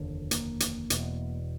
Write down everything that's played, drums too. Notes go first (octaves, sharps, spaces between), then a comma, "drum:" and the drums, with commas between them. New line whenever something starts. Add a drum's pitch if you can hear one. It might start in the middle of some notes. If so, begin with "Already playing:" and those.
Already playing: F1 D#2 D3
A#3, drum: hi-hat
drum: hi-hat
E1 E2 B2, drum: hi-hat